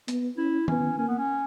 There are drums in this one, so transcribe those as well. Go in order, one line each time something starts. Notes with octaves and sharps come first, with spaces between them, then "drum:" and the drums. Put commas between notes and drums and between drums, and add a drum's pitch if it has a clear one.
B3, drum: hi-hat
C#4 E4
B3 C#4, drum: tom D#3
A#3 C#4
B3
C#4